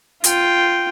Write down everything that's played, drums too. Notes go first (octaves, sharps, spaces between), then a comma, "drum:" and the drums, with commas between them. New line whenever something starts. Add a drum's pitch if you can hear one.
F4 G5, drum: hi-hat